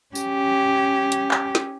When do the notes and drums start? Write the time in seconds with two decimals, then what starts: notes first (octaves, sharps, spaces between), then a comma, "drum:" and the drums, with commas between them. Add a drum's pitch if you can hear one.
0.15 C#4 G4, drum: tambourine
1.12 drum: hi-hat
1.31 drum: clap
1.55 drum: snare